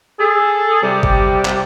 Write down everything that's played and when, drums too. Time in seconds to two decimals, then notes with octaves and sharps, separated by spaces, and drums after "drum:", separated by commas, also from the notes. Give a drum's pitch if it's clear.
0.20 G#4 A4
0.82 C3 G3
1.03 drum: kick
1.45 drum: clap